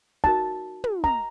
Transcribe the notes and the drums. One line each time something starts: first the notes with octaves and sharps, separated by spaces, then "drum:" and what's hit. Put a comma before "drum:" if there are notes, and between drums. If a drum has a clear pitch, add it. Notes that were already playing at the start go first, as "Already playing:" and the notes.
D#4 F#4 A#4 A5, drum: kick
drum: tom
A#5, drum: kick